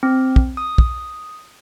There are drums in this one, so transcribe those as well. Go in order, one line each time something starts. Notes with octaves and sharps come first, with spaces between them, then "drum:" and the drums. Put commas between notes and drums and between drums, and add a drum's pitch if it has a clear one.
C4
drum: kick
D#6
drum: kick